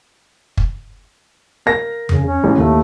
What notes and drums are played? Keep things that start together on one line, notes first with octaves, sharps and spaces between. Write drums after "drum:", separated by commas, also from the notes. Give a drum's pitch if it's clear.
drum: kick
A#4 F5 A#6
C#3, drum: tom F2
C#4
A1
D#2 A3